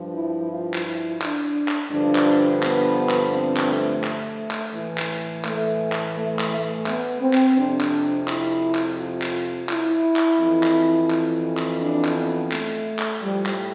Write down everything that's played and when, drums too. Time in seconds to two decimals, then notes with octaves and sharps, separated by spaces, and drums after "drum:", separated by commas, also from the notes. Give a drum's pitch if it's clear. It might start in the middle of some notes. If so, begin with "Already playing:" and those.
Already playing: G2 F3
0.15 E4
0.51 F4
0.74 drum: clap
0.85 E4
1.22 D4, drum: clap
1.68 drum: clap
1.92 G2 D3 F3 D4
2.15 drum: clap
2.63 B3, drum: clap
3.10 drum: clap
3.34 C4
3.57 drum: clap
3.69 A3
4.04 drum: clap
4.51 drum: clap
4.74 A2 E3
4.98 drum: clap
5.45 A3, drum: clap
5.92 drum: clap
6.16 A3
6.39 drum: clap
6.51 A3
6.86 B3, drum: clap
7.22 C4
7.34 drum: clap
7.57 F2 C3 F3 D4
7.81 drum: clap
8.28 E4, drum: clap
8.75 drum: clap
8.98 F4
9.22 drum: clap
9.69 E4, drum: clap
10.16 drum: clap
10.39 F2 E3
10.63 drum: clap
11.10 drum: clap
11.58 drum: clap
11.80 D4
12.05 drum: clap
12.17 B3
12.52 A3, drum: clap
12.99 drum: clap
13.22 A2 F3 G3
13.46 drum: clap